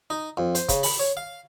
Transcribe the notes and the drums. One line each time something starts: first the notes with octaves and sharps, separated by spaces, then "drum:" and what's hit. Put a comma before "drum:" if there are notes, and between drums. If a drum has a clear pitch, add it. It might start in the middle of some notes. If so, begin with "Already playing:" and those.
D#4
F2
C5, drum: hi-hat
C#3, drum: kick, hi-hat
B5, drum: open hi-hat
C#5
F5